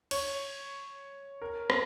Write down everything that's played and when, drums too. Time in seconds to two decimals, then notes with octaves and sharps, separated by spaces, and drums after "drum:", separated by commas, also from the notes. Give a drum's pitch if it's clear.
0.11 C#5, drum: cymbal
1.42 A#4
1.70 A#4, drum: rim click